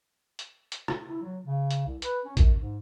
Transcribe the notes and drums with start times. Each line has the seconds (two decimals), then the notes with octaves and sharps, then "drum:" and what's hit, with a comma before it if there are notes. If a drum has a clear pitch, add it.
0.39 drum: hi-hat
0.72 drum: hi-hat
0.88 drum: rim click
1.08 E4
1.21 F#3
1.45 C#3
1.71 drum: hi-hat
1.86 C2
2.02 B4, drum: hi-hat
2.25 C#4
2.37 F#2, drum: kick, hi-hat
2.59 G#2